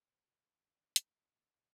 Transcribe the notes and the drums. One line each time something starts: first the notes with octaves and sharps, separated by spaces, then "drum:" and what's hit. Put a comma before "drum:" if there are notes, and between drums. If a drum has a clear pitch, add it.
A#2 C4
C3
D#3
D4
D#4, drum: hi-hat
C3
A#2